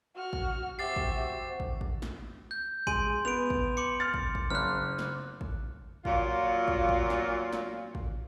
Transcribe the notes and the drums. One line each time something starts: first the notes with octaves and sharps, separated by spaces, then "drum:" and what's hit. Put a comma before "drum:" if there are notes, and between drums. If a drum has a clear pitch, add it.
F#4 F6
drum: kick
C4 F#4 G4 E5 D6 A6 C7
drum: kick
drum: kick
drum: kick
drum: snare
G6
G#3 G#5 C6 D#7, drum: kick
B3 D7 F7
drum: kick
C6 D6 C#7
F6 A6
drum: kick
drum: kick
F#1 F6 F#6
drum: snare
drum: kick
A#2 F#3 F4, drum: kick
drum: kick
drum: kick
drum: snare
drum: snare
drum: kick